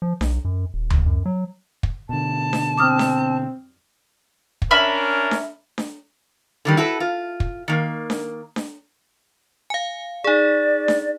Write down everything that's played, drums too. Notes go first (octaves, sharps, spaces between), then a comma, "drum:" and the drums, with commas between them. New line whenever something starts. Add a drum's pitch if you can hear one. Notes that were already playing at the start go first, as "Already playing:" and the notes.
F3
B1, drum: snare D4
F#2
D#1
drum: tom D2
F#2
F#3
drum: kick
B2 D3 A5
drum: snare D4
C4 D6 D#6 F6
drum: snare D4
drum: kick
C#4 D4 A#4 E5 B5 F6
drum: snare D4
drum: snare D4
D3 D#3 G3
E4 F#4 A4 B4
F4
drum: kick
D#3 A#3
drum: snare D4
drum: snare D4
F5 G#5
D#4 G#4 D5
drum: snare D4